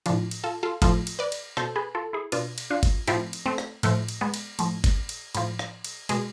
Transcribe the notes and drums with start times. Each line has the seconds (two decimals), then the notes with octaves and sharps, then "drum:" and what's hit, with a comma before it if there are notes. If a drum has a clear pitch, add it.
0.06 A2 F3 D4 F4, drum: cymbal
0.31 drum: cymbal
0.44 F4 A4
0.63 F4 A4
0.82 A2 F3 F4 A4, drum: kick F#1, cymbal
1.07 drum: cymbal
1.19 B4 D5
1.32 drum: cymbal
1.57 B2 A4 C5, drum: rim click
1.76 G#4 B4
1.95 F4 A4
2.13 E4 G#4
2.32 B2 D4 F4, drum: cymbal
2.58 drum: cymbal
2.70 D4 F4
2.83 drum: kick F#1, cymbal
3.07 A2 F3 C4 E4, drum: cymbal
3.33 drum: cymbal
3.46 A3 C4
3.58 drum: rim click
3.83 A2 F3 A3, drum: cymbal
4.09 drum: cymbal
4.21 G#3 B3
4.34 drum: cymbal
4.59 A2 F3, drum: cymbal
4.84 drum: kick F#1, cymbal
5.09 drum: cymbal
5.35 A2 F3, drum: cymbal
5.59 drum: rim click
5.84 drum: cymbal
6.09 B2 G#3, drum: cymbal